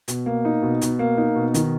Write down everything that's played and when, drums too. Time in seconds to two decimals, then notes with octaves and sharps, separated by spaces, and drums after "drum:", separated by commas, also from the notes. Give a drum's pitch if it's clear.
0.08 B2, drum: hi-hat
0.26 A#3
0.45 D#4
0.62 B2
0.81 B2, drum: hi-hat
0.99 A#3
1.18 D#4
1.35 B2
1.54 D#3, drum: hi-hat